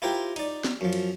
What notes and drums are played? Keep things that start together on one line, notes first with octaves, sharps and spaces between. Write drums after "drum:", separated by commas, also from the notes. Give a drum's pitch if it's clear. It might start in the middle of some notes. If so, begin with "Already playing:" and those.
E4 F4 G4 A#4 C5 G5
D#4 D5, drum: cymbal
drum: snare
F#2 F3
drum: cymbal